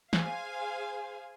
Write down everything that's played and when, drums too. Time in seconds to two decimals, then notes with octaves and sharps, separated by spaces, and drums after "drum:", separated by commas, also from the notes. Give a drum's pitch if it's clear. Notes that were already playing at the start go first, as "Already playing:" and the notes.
0.13 G#4 C5 F5 G#5, drum: snare